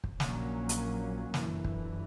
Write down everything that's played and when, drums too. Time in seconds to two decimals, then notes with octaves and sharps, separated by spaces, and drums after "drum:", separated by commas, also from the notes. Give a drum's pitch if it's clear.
0.04 drum: kick
0.20 A#1 A#2 F#3 A#3 C#4, drum: snare
0.69 drum: hi-hat
1.34 G1 F#2 E3, drum: snare
1.64 drum: kick